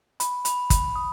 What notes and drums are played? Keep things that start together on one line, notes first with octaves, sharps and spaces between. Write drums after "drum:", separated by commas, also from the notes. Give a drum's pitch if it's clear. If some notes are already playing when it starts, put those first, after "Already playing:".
B5, drum: hi-hat
B5, drum: hi-hat
B5, drum: kick, hi-hat
D#6